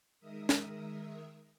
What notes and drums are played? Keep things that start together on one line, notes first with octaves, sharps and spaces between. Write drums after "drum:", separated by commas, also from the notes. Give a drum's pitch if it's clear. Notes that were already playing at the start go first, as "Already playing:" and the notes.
D#3 G#3 A#4 E5 D#6
drum: snare